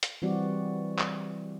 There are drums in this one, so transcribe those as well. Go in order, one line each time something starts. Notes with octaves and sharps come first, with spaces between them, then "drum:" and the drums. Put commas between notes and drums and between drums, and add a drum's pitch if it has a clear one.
drum: hi-hat
E3 G3 C4 F#4 D5
drum: clap